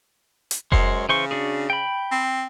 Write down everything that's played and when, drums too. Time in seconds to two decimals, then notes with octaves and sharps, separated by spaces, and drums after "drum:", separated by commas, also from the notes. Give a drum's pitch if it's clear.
0.51 drum: hi-hat
0.72 F#2 G#3 C5 C#5, drum: kick F1
1.09 C#3 E3 C5 C#6
1.31 D4 F#4 G#4
1.70 G5 B5
2.11 C4